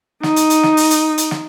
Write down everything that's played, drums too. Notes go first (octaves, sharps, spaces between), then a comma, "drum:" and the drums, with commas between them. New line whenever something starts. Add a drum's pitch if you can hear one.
D#4, drum: snare
drum: hi-hat
drum: hi-hat
drum: snare
drum: open hi-hat
drum: hi-hat
drum: hi-hat
drum: snare